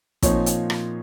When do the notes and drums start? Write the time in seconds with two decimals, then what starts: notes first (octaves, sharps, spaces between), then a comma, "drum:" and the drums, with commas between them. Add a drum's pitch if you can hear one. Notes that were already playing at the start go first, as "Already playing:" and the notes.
0.23 A#2 F3 C4 D#4 C#5, drum: kick, hi-hat
0.46 drum: hi-hat
0.70 drum: rim click